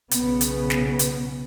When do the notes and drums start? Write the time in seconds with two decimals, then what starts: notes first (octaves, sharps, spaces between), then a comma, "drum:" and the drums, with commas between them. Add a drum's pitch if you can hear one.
0.11 B1 C#3 B3, drum: hi-hat
0.41 drum: hi-hat
0.70 drum: snare
0.99 drum: hi-hat